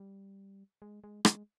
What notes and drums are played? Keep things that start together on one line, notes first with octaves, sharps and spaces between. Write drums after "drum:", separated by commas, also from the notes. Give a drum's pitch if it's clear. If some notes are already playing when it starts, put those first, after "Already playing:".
Already playing: G3
G#3
G#3
G#3, drum: rim click